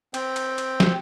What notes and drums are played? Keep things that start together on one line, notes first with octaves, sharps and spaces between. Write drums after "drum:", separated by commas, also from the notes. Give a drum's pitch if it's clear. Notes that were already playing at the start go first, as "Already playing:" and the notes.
C4 G5, drum: cymbal
drum: cymbal
drum: cymbal
drum: snare